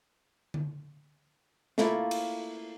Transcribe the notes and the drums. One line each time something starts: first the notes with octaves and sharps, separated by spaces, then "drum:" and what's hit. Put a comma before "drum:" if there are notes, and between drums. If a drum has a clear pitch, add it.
drum: tom D3
A3 A#3 E4 F4, drum: snare
drum: cymbal